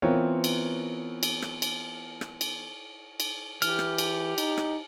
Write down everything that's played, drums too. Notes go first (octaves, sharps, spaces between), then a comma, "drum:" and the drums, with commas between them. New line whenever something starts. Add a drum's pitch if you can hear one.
E3 B3 C4 F4 A#4 C#5
drum: cymbal
drum: cymbal
drum: rim click
drum: cymbal
drum: rim click
drum: cymbal
drum: cymbal
E3 G4 F6, drum: cymbal
drum: rim click
drum: cymbal
D#4, drum: cymbal
drum: rim click